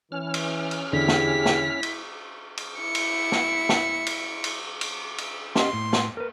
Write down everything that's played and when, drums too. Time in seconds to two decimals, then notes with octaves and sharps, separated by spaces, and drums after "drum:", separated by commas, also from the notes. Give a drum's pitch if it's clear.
0.12 E3 C#4 F6
0.34 drum: cymbal
0.71 drum: cymbal
0.93 E2 D3 E4 G4 G#4 B6
1.08 drum: snare
1.46 drum: snare
1.83 drum: cymbal
2.57 drum: cymbal
2.78 E4 C#7
2.95 drum: cymbal
3.32 drum: snare
3.69 drum: snare
4.06 drum: cymbal
4.44 drum: cymbal
4.81 drum: cymbal
5.18 drum: cymbal
5.56 C#4 G4 D#5 C6, drum: snare
5.73 A2
5.93 drum: snare
6.17 A#4 B4